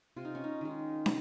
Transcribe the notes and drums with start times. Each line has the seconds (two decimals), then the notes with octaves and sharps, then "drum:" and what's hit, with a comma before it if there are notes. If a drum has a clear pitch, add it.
0.16 C3 F4
0.25 D#4
0.35 C#4
0.44 D#4
0.61 D#3 G#3
1.06 C3, drum: snare